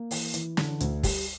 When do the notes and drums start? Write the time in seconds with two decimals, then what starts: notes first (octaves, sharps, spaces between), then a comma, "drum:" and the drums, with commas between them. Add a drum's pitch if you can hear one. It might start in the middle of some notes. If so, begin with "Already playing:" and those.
Already playing: A#3
0.11 E3, drum: open hi-hat
0.34 E3, drum: hi-hat
0.57 D3, drum: snare
0.80 D2, drum: hi-hat
1.03 G3, drum: kick, open hi-hat